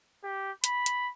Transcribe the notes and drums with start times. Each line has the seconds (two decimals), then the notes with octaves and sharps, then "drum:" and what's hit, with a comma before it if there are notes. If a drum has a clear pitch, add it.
0.23 G4
0.64 B5, drum: hi-hat
0.86 drum: hi-hat